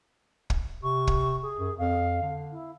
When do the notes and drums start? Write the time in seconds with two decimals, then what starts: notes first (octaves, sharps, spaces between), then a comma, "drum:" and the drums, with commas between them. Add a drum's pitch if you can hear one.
0.50 drum: kick
0.83 C3 C#6
1.07 drum: kick
1.43 G#4
1.59 F#2
1.78 F2 F5
2.22 D3
2.51 E4